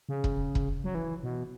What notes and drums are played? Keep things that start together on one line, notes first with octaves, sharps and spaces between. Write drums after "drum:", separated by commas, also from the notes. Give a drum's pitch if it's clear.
C#3
drum: kick
drum: kick
F#3
E3
B2